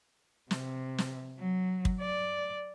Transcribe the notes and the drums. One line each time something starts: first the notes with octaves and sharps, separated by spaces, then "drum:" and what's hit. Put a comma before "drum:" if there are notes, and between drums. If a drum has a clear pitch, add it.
C3, drum: snare
drum: snare
F#3
drum: kick
D5